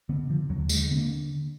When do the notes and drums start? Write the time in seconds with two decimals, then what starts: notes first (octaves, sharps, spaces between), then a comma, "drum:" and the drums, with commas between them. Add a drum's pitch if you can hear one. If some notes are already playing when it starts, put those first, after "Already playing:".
0.09 D3 B3
0.29 D3 F3
0.49 D#2 F#3
0.69 D3 G#3, drum: tambourine
0.91 D3 B3
0.97 A#3